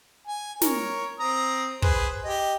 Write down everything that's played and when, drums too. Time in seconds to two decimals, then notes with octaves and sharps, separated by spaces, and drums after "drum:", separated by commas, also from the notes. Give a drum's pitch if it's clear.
0.27 G#5
0.62 A#4 C#5, drum: snare
1.19 C4 A#5 D#6
1.82 G#4 B4 C5, drum: kick
2.25 G4 D#5